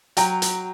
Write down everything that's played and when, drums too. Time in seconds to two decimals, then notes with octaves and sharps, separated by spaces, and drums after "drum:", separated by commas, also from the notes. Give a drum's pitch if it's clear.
0.17 F#3 G5 A#5, drum: hi-hat
0.42 drum: hi-hat